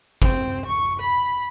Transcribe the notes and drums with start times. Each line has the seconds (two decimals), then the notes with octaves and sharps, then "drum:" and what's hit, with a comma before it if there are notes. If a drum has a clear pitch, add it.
0.22 C4, drum: kick G1
0.66 C#6
1.00 B5